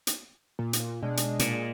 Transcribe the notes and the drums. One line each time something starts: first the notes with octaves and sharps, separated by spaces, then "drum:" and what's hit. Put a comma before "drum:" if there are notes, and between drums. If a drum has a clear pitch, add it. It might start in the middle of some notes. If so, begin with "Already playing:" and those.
drum: hi-hat
A#2
drum: hi-hat
B2 G#3 D4
drum: hi-hat
A#2, drum: hi-hat